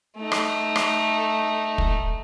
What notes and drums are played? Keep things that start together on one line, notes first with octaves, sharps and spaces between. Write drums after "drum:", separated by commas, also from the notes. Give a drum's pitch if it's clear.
A3 D#4
drum: rim click
drum: rim click
drum: kick